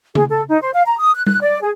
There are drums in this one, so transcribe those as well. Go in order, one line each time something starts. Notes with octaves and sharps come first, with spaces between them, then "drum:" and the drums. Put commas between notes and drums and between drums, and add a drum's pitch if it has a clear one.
G#4, drum: tom C#3
A4
D#4
C5
F5
A#5
D#6
F#6
F#6, drum: tom G3
D5
G#4